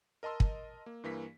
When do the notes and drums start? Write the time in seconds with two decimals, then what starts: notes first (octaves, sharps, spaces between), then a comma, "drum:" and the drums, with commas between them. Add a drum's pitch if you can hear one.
0.23 A#4 D#5 A5 C6 E6
0.40 drum: kick
0.86 A#3
1.04 G2 E3 A#3 B6